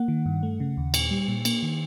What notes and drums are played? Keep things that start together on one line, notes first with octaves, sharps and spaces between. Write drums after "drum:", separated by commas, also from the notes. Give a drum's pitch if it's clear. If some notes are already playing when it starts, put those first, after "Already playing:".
Already playing: A#3 F#5
D#3
G2
A3
C#3
D#2
A#2, drum: cymbal
G3
A#2
A#3, drum: cymbal
D#3